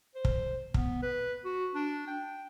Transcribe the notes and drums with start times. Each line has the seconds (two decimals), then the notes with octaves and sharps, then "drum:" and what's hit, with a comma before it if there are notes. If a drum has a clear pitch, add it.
0.15 C5
0.25 drum: kick
0.74 B3, drum: kick
1.02 B4
1.45 F#4
1.75 D4
2.08 G5